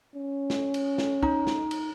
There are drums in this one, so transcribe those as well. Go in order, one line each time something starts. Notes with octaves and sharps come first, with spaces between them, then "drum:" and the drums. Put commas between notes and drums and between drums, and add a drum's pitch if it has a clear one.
C#4
drum: snare
drum: cymbal
drum: snare
D#4, drum: kick
drum: snare
drum: cymbal